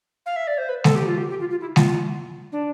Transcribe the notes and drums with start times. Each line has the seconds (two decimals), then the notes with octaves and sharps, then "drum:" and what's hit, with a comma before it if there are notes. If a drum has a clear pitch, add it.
0.26 F5
0.36 E5
0.47 D5
0.58 C5
0.69 B4
0.84 A4, drum: snare G#3
0.95 G4
1.07 F4
1.18 G4
1.30 G4
1.40 F4
1.51 F4
1.60 E4
1.76 F4, drum: snare G#3
2.52 D4